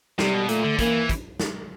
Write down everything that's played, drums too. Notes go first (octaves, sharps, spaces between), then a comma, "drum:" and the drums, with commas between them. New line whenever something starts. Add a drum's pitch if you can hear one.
C3 G3, drum: snare
B2
A#2 A3, drum: hi-hat
D3
E3 A#3, drum: kick, hi-hat
drum: kick, hi-hat
drum: snare